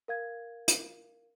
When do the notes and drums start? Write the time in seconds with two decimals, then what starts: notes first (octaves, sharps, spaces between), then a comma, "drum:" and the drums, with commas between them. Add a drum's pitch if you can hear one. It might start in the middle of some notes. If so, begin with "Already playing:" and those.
0.08 A#4 F5 G#6
0.68 drum: hi-hat